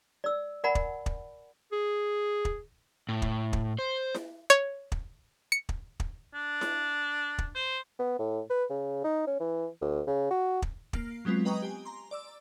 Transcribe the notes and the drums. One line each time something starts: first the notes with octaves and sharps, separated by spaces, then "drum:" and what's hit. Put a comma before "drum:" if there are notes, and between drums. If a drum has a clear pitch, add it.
D5 E6
A#4 D5 F#5 G#5 B5
drum: kick
drum: kick
G#4
drum: kick
A2
drum: kick
drum: kick
C5
drum: snare E4
C#5
drum: kick
C#7
drum: kick
drum: kick
D4
drum: snare E4
drum: kick
C5
B3
A2
B4
C#3
D#4
C#4
E3
D2
C#3
F#4
drum: kick
A#3 F6 C7 D7, drum: kick
F#3 G#3 B3 C4 F4
B4 D#5 G5 A#5 C#6 D#6
G4 G#5
A#5 C6
D5 D6 E6